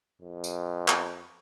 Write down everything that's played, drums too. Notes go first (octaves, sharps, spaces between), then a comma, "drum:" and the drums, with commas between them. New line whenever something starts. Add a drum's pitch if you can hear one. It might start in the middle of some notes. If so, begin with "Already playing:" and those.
F2
drum: tambourine
drum: clap